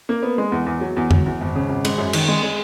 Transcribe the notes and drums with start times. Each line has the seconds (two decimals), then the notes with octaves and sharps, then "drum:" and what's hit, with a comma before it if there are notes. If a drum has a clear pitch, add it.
0.09 A#3
0.23 B3
0.38 G#3
0.52 E2
0.66 E2
0.81 F#3
0.97 E2
1.11 F#3, drum: tom F2
1.26 E2
1.41 G#1
1.55 C#3
1.69 G#1
1.85 G#3, drum: cymbal
1.98 F#2
2.13 D#3, drum: cymbal
2.28 G#3
2.43 G#3